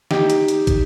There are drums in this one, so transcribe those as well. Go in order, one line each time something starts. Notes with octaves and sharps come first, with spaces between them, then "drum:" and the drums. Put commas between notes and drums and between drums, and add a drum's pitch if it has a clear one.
D#4 G4, drum: snare
drum: hi-hat
drum: hi-hat
drum: kick, hi-hat